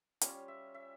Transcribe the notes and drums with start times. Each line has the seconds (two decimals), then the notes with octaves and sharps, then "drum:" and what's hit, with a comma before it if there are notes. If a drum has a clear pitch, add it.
0.21 G3 C#4 F4 C#5, drum: hi-hat
0.48 E5
0.74 E5